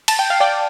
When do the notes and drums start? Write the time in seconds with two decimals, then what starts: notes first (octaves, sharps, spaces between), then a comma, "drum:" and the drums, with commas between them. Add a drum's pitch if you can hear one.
0.08 A5, drum: cymbal
0.19 G5
0.30 F5
0.40 D5 G5